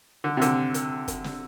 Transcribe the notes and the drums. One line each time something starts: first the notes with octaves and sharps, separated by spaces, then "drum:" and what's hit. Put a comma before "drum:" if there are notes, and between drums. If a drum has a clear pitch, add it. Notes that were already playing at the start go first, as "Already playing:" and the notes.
D3
C3
D3, drum: hi-hat
drum: hi-hat
drum: kick, hi-hat
drum: snare